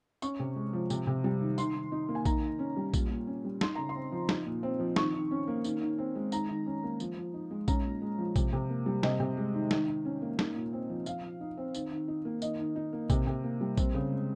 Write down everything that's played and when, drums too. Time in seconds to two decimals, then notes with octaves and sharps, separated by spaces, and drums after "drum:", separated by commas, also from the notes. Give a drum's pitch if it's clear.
0.22 C#4 C#6, drum: tambourine
0.39 C3
0.56 G#3
0.73 F3
0.90 C3, drum: tambourine
1.07 C3
1.24 G3
1.41 D#3
1.58 D#3 C6, drum: tambourine
1.75 D#3
1.92 D#4
2.09 A#3
2.15 G#5
2.25 D#3 A#5, drum: kick A#1, tambourine
2.43 D#3
2.59 C#4
2.77 G3
2.94 A#2, drum: kick A#1, tambourine
3.10 A#2
3.27 C#4
3.44 G3
3.61 D#4 C6, drum: snare
3.75 C#3 A#5
3.89 C6
3.95 C4
4.12 F3
4.29 D#4, drum: snare
4.46 A#2
4.63 C4
4.80 F3
4.96 D#3 C#6, drum: snare
5.14 D#3
5.31 C#4
5.48 A#3
5.64 D#3, drum: tambourine
5.82 D#3
5.98 C4
6.15 G#3
6.32 D#3 A#5, drum: tambourine
6.49 D#3
6.66 C#4
6.83 A#3
7.00 F3, drum: tambourine
7.16 F3
7.34 D#4
7.51 G#3
7.68 C#4 A#5, drum: kick A#1, tambourine
7.85 A#2
8.02 G#3
8.18 F3
8.36 C3, drum: kick A#1, tambourine
8.53 C3
8.70 A#3
8.86 G3
9.03 C3 D#5, drum: snare
9.20 C3
9.37 G#3
9.54 D#3
9.71 D#3, drum: snare
9.88 D#3
10.05 C#4
10.22 A#3
10.39 D#4, drum: snare
10.56 A#2
10.73 C4
10.89 F3
11.06 F3 F5, drum: tambourine
11.23 F3
11.41 D#4
11.58 C4
11.75 D#3, drum: tambourine
11.91 D#3
12.08 D#4
12.25 A#3
12.42 D#3 D#5, drum: tambourine
12.59 D#3
12.76 D#4
12.93 A#3
13.10 C3, drum: kick A#1, tambourine
13.27 C3
13.44 A#3
13.61 G3
13.77 C4, drum: kick A#1, tambourine
13.94 C#3
14.11 G#3